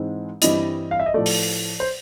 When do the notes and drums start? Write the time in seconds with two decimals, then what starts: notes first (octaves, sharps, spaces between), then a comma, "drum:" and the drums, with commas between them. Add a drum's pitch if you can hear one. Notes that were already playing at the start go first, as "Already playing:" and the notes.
Already playing: G#2 E3 G#3 C4
0.42 G2 E3 G3 C4 E4 D#5, drum: hi-hat
0.91 F5
1.00 E5
1.06 D#5
1.14 A2 F3 A3 D5
1.26 drum: open hi-hat
1.80 C5